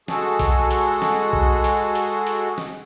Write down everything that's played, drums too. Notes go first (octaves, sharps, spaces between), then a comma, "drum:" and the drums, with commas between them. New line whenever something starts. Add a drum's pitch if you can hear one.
G#3 F#4 G#4 A4, drum: snare
drum: kick B1, hi-hat
drum: hi-hat
drum: snare
drum: kick B1
drum: hi-hat
drum: hi-hat
drum: hi-hat
drum: snare